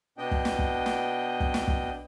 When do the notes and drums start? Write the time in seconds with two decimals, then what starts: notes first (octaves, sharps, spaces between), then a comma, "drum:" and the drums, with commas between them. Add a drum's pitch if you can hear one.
0.18 B2 B3 D4 D#5 G5
0.31 drum: kick
0.45 drum: snare
0.59 drum: kick
0.86 drum: snare
1.40 drum: kick
1.54 drum: snare
1.68 drum: kick